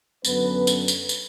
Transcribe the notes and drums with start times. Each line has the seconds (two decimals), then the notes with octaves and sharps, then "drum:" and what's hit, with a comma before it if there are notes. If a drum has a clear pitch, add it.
0.25 F#2 D3 F#3 B3 C#4 B4, drum: tambourine
0.67 drum: tambourine
0.88 drum: tambourine
1.09 drum: tambourine